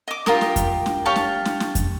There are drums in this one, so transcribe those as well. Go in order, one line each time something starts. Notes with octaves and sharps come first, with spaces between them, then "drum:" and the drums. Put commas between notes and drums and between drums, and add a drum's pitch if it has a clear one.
D#5 D6
F4 G4 A#4 D#6, drum: snare
drum: snare
drum: kick F2, hi-hat
drum: snare
G4 C#5 F5 A5
drum: snare
drum: snare
drum: snare
drum: kick F2, hi-hat